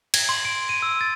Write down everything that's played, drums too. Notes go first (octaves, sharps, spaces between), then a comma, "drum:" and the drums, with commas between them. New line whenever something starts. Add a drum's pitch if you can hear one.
G#6, drum: cymbal
C6
D7
D#7
E6
A6